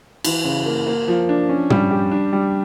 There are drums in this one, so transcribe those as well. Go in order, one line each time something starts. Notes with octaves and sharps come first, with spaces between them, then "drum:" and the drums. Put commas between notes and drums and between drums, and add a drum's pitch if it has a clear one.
E3, drum: cymbal
C#3
A#3
A#3
F3
D4
C#4
G3, drum: tom
G4
D4
G3